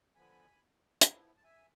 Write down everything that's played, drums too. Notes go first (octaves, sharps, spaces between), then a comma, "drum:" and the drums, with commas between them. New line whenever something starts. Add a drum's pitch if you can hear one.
D3 F3 B3 G#5 B5
F3 B3 E4, drum: hi-hat
A5
E5 G#5